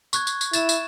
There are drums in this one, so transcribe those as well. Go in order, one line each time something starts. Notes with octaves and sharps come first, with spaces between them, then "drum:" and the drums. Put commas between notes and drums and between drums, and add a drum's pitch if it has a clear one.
C#6 F#6 G#6, drum: tambourine
drum: tambourine
drum: tambourine
E4 A6 E7, drum: tambourine
drum: tambourine